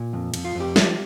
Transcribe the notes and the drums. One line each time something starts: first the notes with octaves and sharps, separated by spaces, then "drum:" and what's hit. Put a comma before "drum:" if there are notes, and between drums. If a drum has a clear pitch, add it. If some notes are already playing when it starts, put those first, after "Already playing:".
Already playing: A#2
F2
F2, drum: cymbal
F4
F2 G4
F3, drum: snare